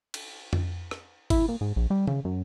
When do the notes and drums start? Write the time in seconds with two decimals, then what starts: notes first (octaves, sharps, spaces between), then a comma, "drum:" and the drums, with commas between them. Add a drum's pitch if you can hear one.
0.14 drum: cymbal
0.53 drum: tom F2
0.91 drum: rim click
1.30 E4, drum: kick G#1, cymbal
1.48 A#2
1.61 G#2
1.76 A#1
1.90 G3
2.07 C#3, drum: tom D#3
2.25 F#2